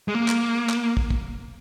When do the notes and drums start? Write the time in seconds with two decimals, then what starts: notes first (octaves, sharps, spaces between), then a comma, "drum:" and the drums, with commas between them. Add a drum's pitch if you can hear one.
0.08 G#3
0.15 A#3
0.28 drum: clap
0.69 drum: clap
0.97 drum: kick
1.10 drum: kick